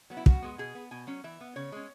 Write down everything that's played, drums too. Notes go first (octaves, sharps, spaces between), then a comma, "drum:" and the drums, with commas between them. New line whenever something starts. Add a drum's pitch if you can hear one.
F#3 B3
E4
C#3 F#4, drum: kick
G#3 B3
B2 G#4
B3
B2 G#5
F#3 C#4
E3 E5
B3
C#3 C#5
G#3 C#4